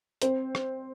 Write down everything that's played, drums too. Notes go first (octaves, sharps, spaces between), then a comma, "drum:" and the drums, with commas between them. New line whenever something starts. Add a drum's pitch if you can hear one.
C4 C5, drum: hi-hat
drum: rim click